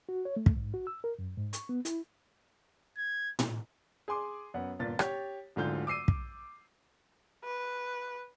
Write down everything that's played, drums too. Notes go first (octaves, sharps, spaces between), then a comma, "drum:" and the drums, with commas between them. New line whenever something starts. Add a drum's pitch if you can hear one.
F#4
C#5
A3
drum: kick
G#2
F#4
E6
A#4
F#2
G#2
C#6, drum: hi-hat
B3
E4, drum: hi-hat
G#6
drum: tom A2
G#4 G#5 C6 D6
F#2 B3 F#5
G1 A#2 A6
G4 C#5, drum: rim click
D1 G#2 D3 F4 G6
D6 E6 C7 D#7
drum: kick
B4